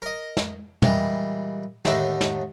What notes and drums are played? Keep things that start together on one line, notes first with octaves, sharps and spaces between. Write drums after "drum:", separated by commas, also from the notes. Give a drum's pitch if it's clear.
A#4 D#5
drum: snare
A#2 E3 G3 G#3, drum: tom
D#2 A2 D3 A3 D#4, drum: snare
drum: snare